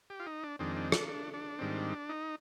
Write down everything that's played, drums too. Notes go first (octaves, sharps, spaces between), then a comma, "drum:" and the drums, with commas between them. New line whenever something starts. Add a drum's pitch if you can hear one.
G4
F4
D#4
D4
F2 D#3 G#3 C4 D4
D4
D4, drum: rim click
D4
D4
G#2 D#3 G3 C4
D#4